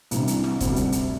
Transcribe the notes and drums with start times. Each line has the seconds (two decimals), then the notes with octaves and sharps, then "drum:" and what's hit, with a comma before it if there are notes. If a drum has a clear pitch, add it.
0.11 C2 C3 E3 G3 D4, drum: hi-hat
0.28 drum: hi-hat
0.44 drum: snare
0.61 D2 C3 G3, drum: kick, hi-hat
0.76 drum: hi-hat
0.92 drum: hi-hat